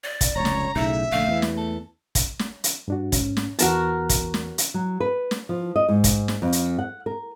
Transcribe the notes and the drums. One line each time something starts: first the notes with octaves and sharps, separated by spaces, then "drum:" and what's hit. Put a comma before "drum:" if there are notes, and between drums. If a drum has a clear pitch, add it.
D5
drum: kick, hi-hat
F1 C#2 C#5 A#5
drum: snare
B1 A2 C#3 D#4 E5
A#1 D3 A3 F5
E2 E3
drum: snare
A4
drum: kick, hi-hat
drum: snare
drum: hi-hat
G2 D4 F#4
G#2 C#4, drum: kick, hi-hat
drum: snare
E2 E3 B3 F#4 A#4 A5, drum: hi-hat
drum: kick, hi-hat
drum: snare
drum: hi-hat
F#3
B4
drum: snare
F3
D#5
G#2
drum: kick, hi-hat
drum: snare
F2
drum: hi-hat
F#5
A#4